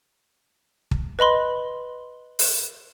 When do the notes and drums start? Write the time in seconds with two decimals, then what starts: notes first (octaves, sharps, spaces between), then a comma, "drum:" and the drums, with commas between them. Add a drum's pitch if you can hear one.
0.91 drum: kick
1.19 B4 D#5 B5 C6
2.39 drum: open hi-hat